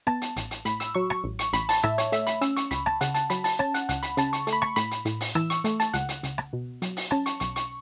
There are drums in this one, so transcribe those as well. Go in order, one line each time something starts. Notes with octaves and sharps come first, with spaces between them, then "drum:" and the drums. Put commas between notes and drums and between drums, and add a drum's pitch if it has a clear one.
B3 A5, drum: rim click
drum: hi-hat
A1, drum: hi-hat
drum: hi-hat
A2 B5, drum: hi-hat
E6, drum: hi-hat
F#3 C#6
C#6, drum: rim click
A1
C#6, drum: hi-hat
A1 B5, drum: hi-hat
A5, drum: open hi-hat
A2 E5, drum: rim click
C#5, drum: hi-hat
A3 E5, drum: hi-hat
B5, drum: hi-hat
C#4 E6, drum: hi-hat
C#6, drum: hi-hat
C#2 B5, drum: hi-hat
A5, drum: rim click
C#3 F#5, drum: hi-hat
A5, drum: hi-hat
F#3 B5, drum: hi-hat
A5, drum: open hi-hat
C#4 A5, drum: rim click
F#5, drum: hi-hat
C#2 F#5, drum: hi-hat
B5, drum: hi-hat
C#3 A5, drum: hi-hat
C#6, drum: hi-hat
A3, drum: hi-hat
B5
C#6, drum: rim click
A2 B5, drum: hi-hat
drum: hi-hat
A2, drum: hi-hat
drum: open hi-hat
E3 E6, drum: rim click
C#6, drum: hi-hat
A3, drum: hi-hat
A5, drum: hi-hat
C#2 F#5, drum: hi-hat
drum: hi-hat
C#2, drum: hi-hat
drum: rim click
B2
F#3, drum: hi-hat
drum: open hi-hat
C#4 A5, drum: rim click
C#6, drum: hi-hat
B1 C#6, drum: hi-hat
C#6, drum: hi-hat